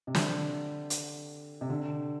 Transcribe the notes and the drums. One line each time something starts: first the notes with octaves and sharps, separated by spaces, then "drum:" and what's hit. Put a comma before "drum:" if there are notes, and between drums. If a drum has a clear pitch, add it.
C3
D3, drum: snare
drum: hi-hat
C3
D3